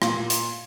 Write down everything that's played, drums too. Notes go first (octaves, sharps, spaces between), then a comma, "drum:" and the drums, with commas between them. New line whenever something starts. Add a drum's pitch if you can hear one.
A#2, drum: rim click
drum: hi-hat